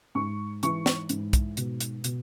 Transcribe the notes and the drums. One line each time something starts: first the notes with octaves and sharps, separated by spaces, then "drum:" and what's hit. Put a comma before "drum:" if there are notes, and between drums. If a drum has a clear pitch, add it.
G#2 C#6
E3 C#6, drum: hi-hat
drum: snare
G#2, drum: hi-hat
drum: kick, hi-hat
B2, drum: hi-hat
drum: hi-hat
B2, drum: hi-hat